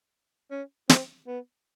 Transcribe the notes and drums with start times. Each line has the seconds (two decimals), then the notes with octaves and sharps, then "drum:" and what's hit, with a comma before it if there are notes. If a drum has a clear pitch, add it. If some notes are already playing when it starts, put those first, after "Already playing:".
0.51 C#4
0.89 C4, drum: snare
1.27 B3